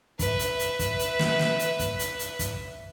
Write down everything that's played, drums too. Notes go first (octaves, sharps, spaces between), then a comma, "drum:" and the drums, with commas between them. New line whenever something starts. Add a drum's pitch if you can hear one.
B4 E5, drum: kick, hi-hat
drum: hi-hat
drum: hi-hat
drum: kick, hi-hat
drum: hi-hat
drum: snare
drum: snare
drum: hi-hat
drum: kick, hi-hat
drum: hi-hat
drum: hi-hat
drum: kick, hi-hat